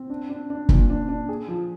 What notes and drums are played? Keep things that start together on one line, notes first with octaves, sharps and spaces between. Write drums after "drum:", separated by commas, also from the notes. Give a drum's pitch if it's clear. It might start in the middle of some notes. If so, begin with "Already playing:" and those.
Already playing: C4
D4
D4
D4
A#2, drum: kick
D4
D4
G#4
F3